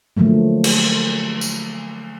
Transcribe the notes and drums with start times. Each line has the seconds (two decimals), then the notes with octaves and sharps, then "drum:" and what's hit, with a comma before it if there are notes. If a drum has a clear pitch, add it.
0.17 D3 F3 F#3 A3 A#3
0.64 drum: cymbal
1.41 drum: tambourine